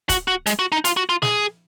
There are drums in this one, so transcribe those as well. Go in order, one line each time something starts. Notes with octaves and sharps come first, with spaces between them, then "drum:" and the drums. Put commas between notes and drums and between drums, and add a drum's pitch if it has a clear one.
F#4, drum: kick, hi-hat
F#4
G#3, drum: hi-hat
F#4
D#4
F4, drum: hi-hat
F#4
F4
G#4, drum: snare